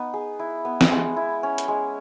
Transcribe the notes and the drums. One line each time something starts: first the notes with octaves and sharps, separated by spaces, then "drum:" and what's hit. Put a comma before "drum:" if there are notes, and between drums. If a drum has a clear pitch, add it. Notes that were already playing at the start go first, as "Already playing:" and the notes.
Already playing: B3 D#4
G#4
E4
B3
drum: snare
G#3
E4
C#4
drum: hi-hat
G#3